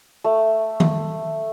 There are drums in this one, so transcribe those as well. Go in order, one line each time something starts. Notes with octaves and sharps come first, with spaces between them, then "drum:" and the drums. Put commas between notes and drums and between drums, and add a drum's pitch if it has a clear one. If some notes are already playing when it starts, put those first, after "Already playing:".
A3
drum: tom D#3